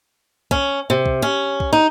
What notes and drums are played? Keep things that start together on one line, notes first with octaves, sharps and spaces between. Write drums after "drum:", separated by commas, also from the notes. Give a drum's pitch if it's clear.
C#4, drum: kick
C3
drum: kick
C#4
drum: kick
D#4